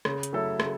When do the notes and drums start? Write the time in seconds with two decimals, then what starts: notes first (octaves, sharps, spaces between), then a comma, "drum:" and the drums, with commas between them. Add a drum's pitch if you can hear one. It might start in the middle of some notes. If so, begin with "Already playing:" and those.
0.05 C#3, drum: rim click
0.23 drum: hi-hat
0.33 F#3 A3 E4 A4
0.60 C#3, drum: rim click